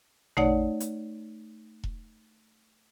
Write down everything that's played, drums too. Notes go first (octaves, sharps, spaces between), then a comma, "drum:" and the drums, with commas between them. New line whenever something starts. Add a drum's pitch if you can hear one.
A3 D#4 C#5 D5 F#5, drum: tom A1
drum: hi-hat
drum: kick E1